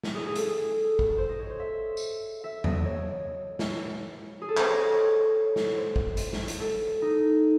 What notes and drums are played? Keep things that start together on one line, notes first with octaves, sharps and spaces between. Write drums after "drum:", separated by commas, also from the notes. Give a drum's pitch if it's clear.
drum: snare
G#4
G#4
A4, drum: hi-hat
drum: kick
A4
C5
D#5
C#5
C5
E5
drum: tambourine
E5
D#5, drum: tom
C#5
drum: snare
G#4
A4
C5, drum: clap
C#5
D#5
C#5
D#5
C#5
drum: snare
C5
drum: kick
drum: hi-hat
drum: snare
drum: hi-hat
A4
D#4